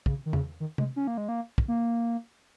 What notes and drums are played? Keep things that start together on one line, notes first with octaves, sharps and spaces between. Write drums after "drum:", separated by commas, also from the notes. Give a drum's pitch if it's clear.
C#3, drum: kick
D#3
C#3, drum: tom E2
D#3
G#3, drum: tom C3
C#4
A#3
G#3
A#3
drum: kick
A#3